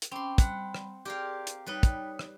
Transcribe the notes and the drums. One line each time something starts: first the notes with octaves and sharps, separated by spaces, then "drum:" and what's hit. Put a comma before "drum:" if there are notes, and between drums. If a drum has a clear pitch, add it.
drum: hi-hat
C4 C#4 B5 C6 D6
G3 F#5 B5, drum: kick, hi-hat
drum: rim click
G4 G#4 A#4 D5 F5 C6
drum: hi-hat
G3 D#4 B4 C#5 G5
drum: kick, hi-hat
drum: rim click